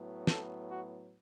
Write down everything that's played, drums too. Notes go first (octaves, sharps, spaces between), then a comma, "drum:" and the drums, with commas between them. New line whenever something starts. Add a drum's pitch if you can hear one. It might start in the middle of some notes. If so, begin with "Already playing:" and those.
Already playing: A2 F#3 B3
A4, drum: snare
F#4